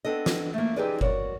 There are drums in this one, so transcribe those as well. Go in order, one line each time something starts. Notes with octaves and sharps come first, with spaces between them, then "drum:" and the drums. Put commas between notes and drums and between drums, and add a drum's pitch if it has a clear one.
B3 C4 D4 A4 D#5
drum: snare
A3 A#3
C4 D#4 G4 G#4 B4 D5
F#4 A#4 C#5 D5, drum: kick F#1